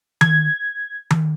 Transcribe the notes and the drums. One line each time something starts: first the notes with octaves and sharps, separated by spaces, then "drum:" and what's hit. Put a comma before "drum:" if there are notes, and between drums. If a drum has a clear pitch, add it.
G#6, drum: tom D#3
drum: tom D#3